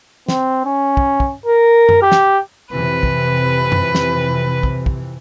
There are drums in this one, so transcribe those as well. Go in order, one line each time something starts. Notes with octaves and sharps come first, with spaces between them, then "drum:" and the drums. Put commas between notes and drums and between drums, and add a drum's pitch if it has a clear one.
C4, drum: snare
C#4
drum: kick
drum: kick
A#4
drum: tom F#2
G4
drum: snare
F2 C3 E3 B4
drum: kick
drum: tom F#2
drum: snare
drum: kick
drum: kick